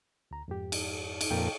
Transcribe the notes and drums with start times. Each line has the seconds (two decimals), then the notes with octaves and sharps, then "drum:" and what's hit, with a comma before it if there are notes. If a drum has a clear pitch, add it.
0.31 D2 A#5
0.48 F2 G#2 G4
0.72 drum: cymbal
1.21 drum: cymbal
1.31 F2 A#2 A4 G5